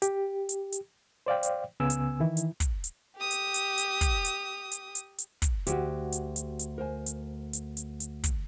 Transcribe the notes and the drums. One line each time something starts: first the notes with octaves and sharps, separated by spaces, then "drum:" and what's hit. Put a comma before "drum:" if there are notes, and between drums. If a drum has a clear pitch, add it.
G4, drum: hi-hat
drum: hi-hat
drum: hi-hat
C5 D5 F5 G5
drum: hi-hat
C#2 C#3 B3 G#5 E6
drum: hi-hat
D#3 E3 E4
drum: hi-hat
drum: kick, hi-hat
drum: hi-hat
G4 D#6
drum: hi-hat
drum: hi-hat
drum: hi-hat
drum: kick, hi-hat
drum: hi-hat
drum: hi-hat
drum: hi-hat
drum: hi-hat
drum: kick, hi-hat
D2 F#4 G4, drum: hi-hat
drum: hi-hat
drum: hi-hat
drum: hi-hat
A#4 C5 G#5
drum: hi-hat
drum: hi-hat
drum: hi-hat
drum: hi-hat
drum: kick, hi-hat